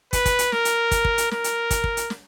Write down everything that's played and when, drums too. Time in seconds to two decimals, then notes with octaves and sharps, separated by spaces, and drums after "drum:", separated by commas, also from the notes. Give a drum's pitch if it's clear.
0.13 B4, drum: kick, hi-hat
0.25 drum: kick, hi-hat
0.39 drum: hi-hat
0.52 A#4, drum: snare
0.65 drum: hi-hat
0.91 drum: kick, hi-hat
1.05 drum: kick
1.18 drum: hi-hat
1.31 A#4, drum: snare
1.44 drum: hi-hat
1.71 drum: kick, hi-hat
1.84 drum: kick
1.97 drum: hi-hat
2.10 drum: snare